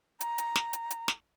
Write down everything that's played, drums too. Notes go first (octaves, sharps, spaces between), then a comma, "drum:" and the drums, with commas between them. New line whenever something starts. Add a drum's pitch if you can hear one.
A#5, drum: hi-hat
drum: hi-hat
drum: snare
drum: hi-hat
drum: hi-hat
drum: snare